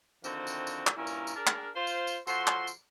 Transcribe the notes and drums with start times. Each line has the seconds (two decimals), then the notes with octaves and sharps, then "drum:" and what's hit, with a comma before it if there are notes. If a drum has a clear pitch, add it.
0.24 D3 D#3 F3 C4 F#4, drum: tambourine
0.47 drum: tambourine
0.67 drum: tambourine
0.87 drum: clap
0.97 G2 A#2 C#4 E4 A#4
1.07 drum: tambourine
1.27 drum: tambourine
1.36 D4 G#4 A#4
1.47 drum: clap
1.75 F4 C5
1.87 drum: tambourine
2.07 drum: tambourine
2.27 F3 F#4 A4 C6, drum: tambourine
2.47 drum: clap
2.67 drum: tambourine